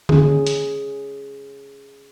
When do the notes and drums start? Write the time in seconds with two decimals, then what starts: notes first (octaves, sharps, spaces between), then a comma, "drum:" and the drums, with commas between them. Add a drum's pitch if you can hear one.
0.09 C#4 G#4, drum: tom D3
0.47 drum: hi-hat